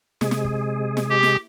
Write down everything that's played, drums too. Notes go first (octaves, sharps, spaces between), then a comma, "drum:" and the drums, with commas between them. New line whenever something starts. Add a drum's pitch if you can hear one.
C3 G#3 G#4, drum: snare
drum: snare
drum: kick
drum: snare
G4
drum: snare